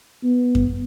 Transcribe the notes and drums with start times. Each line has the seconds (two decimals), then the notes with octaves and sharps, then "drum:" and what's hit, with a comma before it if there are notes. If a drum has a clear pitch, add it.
0.23 B3
0.55 drum: kick F#2